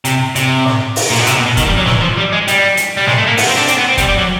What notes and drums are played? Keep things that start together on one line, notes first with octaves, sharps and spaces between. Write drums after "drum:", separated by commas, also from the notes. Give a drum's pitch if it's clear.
C3, drum: hi-hat
C3, drum: hi-hat
drum: snare
drum: open hi-hat
A#2
B2
C3, drum: hi-hat
B2
B2
D#3, drum: kick, hi-hat
G3
F#3
E3, drum: snare
F3
G3
G#3
G3, drum: hi-hat
drum: hi-hat
G3
G#3, drum: snare
A3
A#3
B3, drum: open hi-hat
C4
D4
C4, drum: hi-hat
B3
C4
G3, drum: kick, hi-hat
G3
F#3